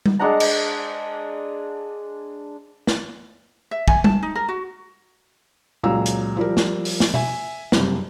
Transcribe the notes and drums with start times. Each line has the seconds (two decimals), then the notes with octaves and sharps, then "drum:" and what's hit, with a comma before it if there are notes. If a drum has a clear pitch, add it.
0.06 drum: tom G3
0.19 G#3 D4 F#5 A#5
0.40 drum: cymbal
2.87 drum: snare
3.71 E5
3.88 G#5, drum: kick
4.04 A5, drum: tom G3
4.23 D#4
4.35 A#4
4.48 F#4
5.83 C#2 A#2 F#3 A#5 E6
6.06 drum: hi-hat
6.37 F3 G3 A#4
6.57 drum: snare
6.85 drum: open hi-hat
7.00 drum: snare
7.14 E5 G#5, drum: tom B2
7.72 F#1 G2 C3, drum: snare